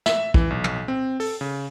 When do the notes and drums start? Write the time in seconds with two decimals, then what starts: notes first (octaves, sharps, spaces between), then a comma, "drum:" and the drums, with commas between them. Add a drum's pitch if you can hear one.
0.06 E5, drum: snare
0.34 E3, drum: kick
0.50 B1
0.64 drum: tom
0.88 C4
1.20 A4, drum: open hi-hat
1.41 C#3